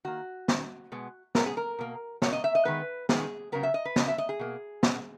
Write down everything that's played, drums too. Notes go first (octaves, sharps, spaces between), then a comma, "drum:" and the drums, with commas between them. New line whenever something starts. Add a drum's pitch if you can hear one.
D#3 A#3 F#4
D#3 A#3, drum: snare
B2 G#3 B3
B2 G#3 B3 A#4, drum: snare
G#4
A#4
B2 A#3
B2 A#3 C#5, drum: snare
D#5
E5
D#5
D#3 G#3 B3 B4
D#3 G#3 B3 G#4, drum: snare
C#3 F#3 B3 A#4
E5
D#5
B4
C#3 F#3 B3 D#5, drum: snare
E5
D#5
G#4
B2 A#3
B2 A#3, drum: snare